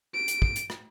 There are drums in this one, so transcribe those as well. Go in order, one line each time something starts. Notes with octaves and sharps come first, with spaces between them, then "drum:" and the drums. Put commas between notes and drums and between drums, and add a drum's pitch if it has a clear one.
D7
drum: hi-hat
drum: kick
drum: hi-hat
drum: rim click